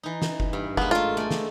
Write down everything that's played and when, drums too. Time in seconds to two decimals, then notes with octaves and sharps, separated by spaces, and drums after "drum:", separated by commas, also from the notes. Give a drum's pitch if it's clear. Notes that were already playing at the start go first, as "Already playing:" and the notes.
0.03 E3 D#4
0.22 drum: snare
0.40 drum: kick F#1
0.53 G2
0.77 G#3 A#3 B3, drum: kick F#1
0.91 A3 F4 A4
1.17 A3 D5 G#5
1.31 drum: snare